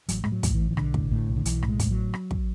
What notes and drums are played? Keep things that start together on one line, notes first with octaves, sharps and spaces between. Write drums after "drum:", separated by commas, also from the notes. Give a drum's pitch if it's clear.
A1 F#3, drum: hi-hat
A2 G#3, drum: rim click
F#3
A2, drum: kick, hi-hat
E3
A1
E3
B1 D3, drum: rim click
A2, drum: kick
A2
B1
D3
B1 E3, drum: hi-hat
A2, drum: rim click
G#3
A2 G#3, drum: kick, hi-hat
F#3
drum: rim click
drum: kick